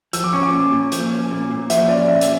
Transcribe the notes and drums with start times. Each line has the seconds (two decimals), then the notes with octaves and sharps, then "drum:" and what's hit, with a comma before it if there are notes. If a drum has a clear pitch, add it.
0.13 F3 E6, drum: hi-hat
0.24 D6
0.33 C#4 C#6
0.43 D6
0.53 A#2
0.73 A#2
0.92 F3, drum: hi-hat
1.10 C#4
1.31 A#2
1.51 A#2
1.70 F3 E5, drum: hi-hat
1.88 C#4 D5
1.99 D5
2.08 A#2 E5
2.21 drum: hi-hat